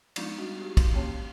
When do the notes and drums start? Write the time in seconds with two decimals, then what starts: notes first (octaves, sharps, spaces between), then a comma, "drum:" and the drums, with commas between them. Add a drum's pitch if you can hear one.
0.16 F3 G#3 B3 D4 D#4 F4, drum: cymbal
0.38 G3 D4 F#4
0.60 D#4 F#4 G4
0.77 C6, drum: kick, cymbal
0.94 A#3 C#4 G4 C#5 G5 A5